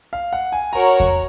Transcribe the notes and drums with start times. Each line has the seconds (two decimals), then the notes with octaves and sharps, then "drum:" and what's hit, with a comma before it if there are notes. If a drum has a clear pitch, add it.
0.13 F5
0.33 F#5
0.52 G#5
0.73 F#4 A#4 C#5 A#5
1.00 drum: kick E2